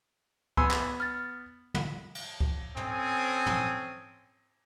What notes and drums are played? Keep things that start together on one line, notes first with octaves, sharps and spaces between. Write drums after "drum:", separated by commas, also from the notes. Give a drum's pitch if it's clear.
B3 G#5 C6 E6, drum: kick C#2
drum: clap
F6 A6
drum: tom
drum: cymbal
drum: kick C#2
C4 C#4 A4 G#5 D#6, drum: tom
drum: tom